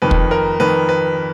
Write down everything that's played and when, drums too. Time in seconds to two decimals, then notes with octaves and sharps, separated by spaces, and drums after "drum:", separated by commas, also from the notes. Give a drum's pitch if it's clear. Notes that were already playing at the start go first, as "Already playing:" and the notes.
0.02 F2 D#3 B4
0.11 drum: kick
0.31 A#4
0.60 F2 D#3 B4
0.89 B4